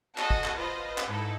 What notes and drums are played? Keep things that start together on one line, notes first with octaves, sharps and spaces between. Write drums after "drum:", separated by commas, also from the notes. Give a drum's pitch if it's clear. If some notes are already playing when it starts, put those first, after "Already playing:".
F#4 G#4 A4 D#5 A5, drum: clap
drum: kick
drum: clap
F4 B4 C5 D#5
drum: clap
G#2 D#4 E4 A4 B4